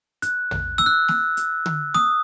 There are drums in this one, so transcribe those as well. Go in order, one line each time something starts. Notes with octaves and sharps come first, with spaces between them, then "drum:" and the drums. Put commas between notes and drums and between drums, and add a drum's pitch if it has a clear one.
F#6, drum: hi-hat
drum: tom
E6, drum: snare
F#6
drum: snare
drum: hi-hat
drum: tom D3
D#6, drum: snare